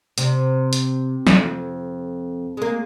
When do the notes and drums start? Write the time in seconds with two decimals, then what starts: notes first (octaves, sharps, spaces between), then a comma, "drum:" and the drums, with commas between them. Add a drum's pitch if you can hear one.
0.18 C3, drum: hi-hat
0.73 drum: hi-hat
1.27 F2, drum: snare
2.57 G#3 A#3